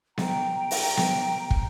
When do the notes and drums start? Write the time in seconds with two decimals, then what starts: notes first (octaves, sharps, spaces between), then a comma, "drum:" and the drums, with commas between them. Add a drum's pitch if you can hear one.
0.18 G5 A#5, drum: snare B3
0.71 drum: open hi-hat
0.97 drum: snare B3
1.51 drum: kick